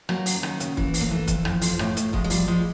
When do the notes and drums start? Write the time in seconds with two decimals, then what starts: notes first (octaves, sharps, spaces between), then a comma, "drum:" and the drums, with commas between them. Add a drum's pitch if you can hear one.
0.09 F#3 A#3, drum: rim click
0.26 F#2, drum: open hi-hat
0.43 D#3, drum: rim click
0.60 C#3, drum: hi-hat
0.77 E3, drum: kick
0.94 F2, drum: open hi-hat
1.01 A#3
1.11 E3 A3
1.27 F2, drum: kick, hi-hat
1.45 F2, drum: rim click
1.61 F3, drum: open hi-hat
1.79 A2, drum: rim click
1.97 A2, drum: hi-hat
2.13 F3 G#3, drum: kick
2.24 G#3
2.30 F3 G3, drum: open hi-hat
2.47 F3 G#3